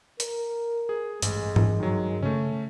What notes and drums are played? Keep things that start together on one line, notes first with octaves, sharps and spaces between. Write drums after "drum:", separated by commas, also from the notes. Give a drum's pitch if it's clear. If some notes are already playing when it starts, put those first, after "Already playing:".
A#4, drum: hi-hat
G#4
A1 G2 G#3, drum: hi-hat
drum: tom G#2
D#3 F#3
C#3 A3 C#4